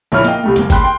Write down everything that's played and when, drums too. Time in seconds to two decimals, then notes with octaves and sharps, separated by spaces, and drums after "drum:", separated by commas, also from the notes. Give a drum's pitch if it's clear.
0.12 A#1 A#3 E4 C#5 B5 F6
0.24 A#3 D#5 F5 G5, drum: hi-hat
0.43 C2 G3 A3
0.56 F#1 G#3 A#3, drum: hi-hat
0.70 G5 B5 C6 F#6, drum: kick, open hi-hat
0.81 G5 C6